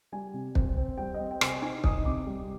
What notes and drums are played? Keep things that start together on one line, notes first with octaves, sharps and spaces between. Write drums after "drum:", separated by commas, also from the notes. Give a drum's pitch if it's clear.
G3 G#5
C3
C4, drum: kick
C4
G3 G5
D#5
C4
G5
C3, drum: rim click
G#5
D#4 G#5
D#4 D#6, drum: kick
C3 D6
G3